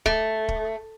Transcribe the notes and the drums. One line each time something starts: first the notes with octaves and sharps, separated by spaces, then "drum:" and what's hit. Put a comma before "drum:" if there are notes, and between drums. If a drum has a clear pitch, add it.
A3, drum: kick
drum: kick